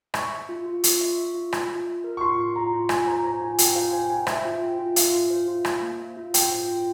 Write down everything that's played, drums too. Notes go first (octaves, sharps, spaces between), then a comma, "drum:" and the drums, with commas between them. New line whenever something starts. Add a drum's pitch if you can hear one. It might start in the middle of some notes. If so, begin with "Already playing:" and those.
E5 C#6, drum: rim click
E5
F4
F4
F4, drum: hi-hat
E5
E5
F4
F4, drum: rim click
F4
E5
A#4
C#6
F4 C6
F4
F4 A#5
F4
F4 G#5, drum: rim click
C5 A#5
C5 A#5
F4 G#5
F4 G5, drum: hi-hat
C5 F5
C5 G#5
G5 G#5
C5 E5, drum: rim click
F4
G5
F4
F4 F5, drum: hi-hat
F4
C5
F4
C5, drum: rim click
A#3
E5
F4
C5 G5, drum: hi-hat
F4
F4